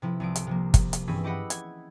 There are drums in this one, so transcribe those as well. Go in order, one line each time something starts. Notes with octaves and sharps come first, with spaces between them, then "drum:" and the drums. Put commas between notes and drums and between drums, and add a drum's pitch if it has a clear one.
C3 F3 E4 A4
C2 F3 D7
drum: hi-hat
C3 F3 A#3
drum: kick, hi-hat
drum: hi-hat
G2 E3 C4 C#4 G#4 B5
E4 G4 D#5 F#5 B5
G#6, drum: hi-hat